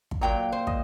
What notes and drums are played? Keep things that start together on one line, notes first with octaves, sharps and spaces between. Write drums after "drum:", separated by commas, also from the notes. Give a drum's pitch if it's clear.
drum: kick
A#2 F#3 G5 A#5
C5
D#5, drum: kick